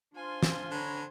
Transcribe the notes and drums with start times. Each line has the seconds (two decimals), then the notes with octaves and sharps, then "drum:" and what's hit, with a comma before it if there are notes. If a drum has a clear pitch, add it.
0.15 D4 F4 C5 G#5 C6
0.43 drum: snare
0.71 D3 C#5 A#5 B5